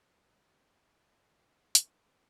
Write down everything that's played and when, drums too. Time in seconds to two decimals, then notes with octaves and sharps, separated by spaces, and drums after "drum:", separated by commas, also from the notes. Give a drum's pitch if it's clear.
0.25 D#2 F4 G4 G#4 D5 F5 A#5
0.80 D2 C#5
1.75 drum: hi-hat